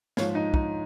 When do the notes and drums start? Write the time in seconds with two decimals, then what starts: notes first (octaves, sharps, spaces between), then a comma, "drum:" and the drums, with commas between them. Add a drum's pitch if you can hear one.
0.17 G#2 F3 C#5 F5, drum: snare
0.35 D#4
0.54 D#4, drum: kick